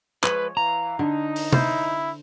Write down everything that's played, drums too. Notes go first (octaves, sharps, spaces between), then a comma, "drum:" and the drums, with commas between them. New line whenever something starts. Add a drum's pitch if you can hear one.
F3 G#3 B4 C#5, drum: clap
E3 F5 A#5
D3 D#4
drum: open hi-hat
E4 C5, drum: tom